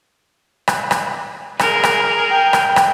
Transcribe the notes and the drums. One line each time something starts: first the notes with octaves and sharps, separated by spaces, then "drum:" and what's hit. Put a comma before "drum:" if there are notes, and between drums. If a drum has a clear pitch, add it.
drum: rim click
drum: rim click
G#4 A#4, drum: rim click
drum: rim click
G5
drum: rim click
drum: rim click